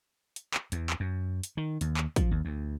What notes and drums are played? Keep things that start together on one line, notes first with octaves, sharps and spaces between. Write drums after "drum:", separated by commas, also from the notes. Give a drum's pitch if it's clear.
drum: hi-hat
drum: clap
E2, drum: hi-hat
drum: clap
F#2
drum: hi-hat
D#3
D#2, drum: hi-hat
drum: clap
F3, drum: kick, hi-hat
D#2
D2